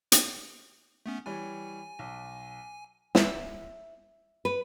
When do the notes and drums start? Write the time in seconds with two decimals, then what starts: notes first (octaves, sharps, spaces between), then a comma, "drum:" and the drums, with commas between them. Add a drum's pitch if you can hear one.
0.12 drum: hi-hat
1.06 A3 B3 C#4
1.26 E3 G3 C#5 G#5
1.99 B1
3.15 E5, drum: snare
4.45 B4